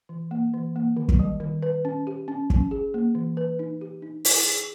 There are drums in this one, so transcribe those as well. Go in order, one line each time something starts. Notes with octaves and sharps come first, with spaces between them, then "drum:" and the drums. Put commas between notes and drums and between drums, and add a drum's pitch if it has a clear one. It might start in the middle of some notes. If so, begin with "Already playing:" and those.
E3
A#3
E3
A#3
D#3
drum: kick
G3
D#3
B4
C#4
G4
C#4
C#4, drum: kick
G#4
A#3
E3
B4
D#4
G4
D#4
E4, drum: open hi-hat
G#4